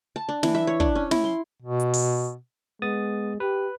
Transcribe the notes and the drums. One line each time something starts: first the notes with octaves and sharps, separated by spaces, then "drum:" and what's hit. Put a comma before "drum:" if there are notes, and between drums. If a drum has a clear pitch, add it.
A5
D4
E3, drum: snare
E5
C#5
D4, drum: kick
C#4
E4, drum: snare
C6
B2
drum: hi-hat
drum: open hi-hat
G#3 B3 D#6 A6
G4 B4